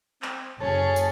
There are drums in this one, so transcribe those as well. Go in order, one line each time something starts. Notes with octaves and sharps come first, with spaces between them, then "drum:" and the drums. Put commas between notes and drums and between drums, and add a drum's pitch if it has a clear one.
C4, drum: clap
F#1 C#4 G#4 A4 C#5
drum: tambourine